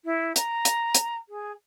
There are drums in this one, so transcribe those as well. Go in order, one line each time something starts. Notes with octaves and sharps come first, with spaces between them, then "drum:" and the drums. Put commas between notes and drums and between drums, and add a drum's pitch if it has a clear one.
E4
A#5, drum: hi-hat
drum: hi-hat
drum: hi-hat
G#4